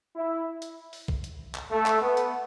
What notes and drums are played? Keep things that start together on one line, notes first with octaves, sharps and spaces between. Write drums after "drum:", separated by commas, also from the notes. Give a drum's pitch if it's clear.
E4
drum: hi-hat
drum: open hi-hat
drum: kick B1
drum: hi-hat
drum: clap
A3
drum: clap
B3
drum: hi-hat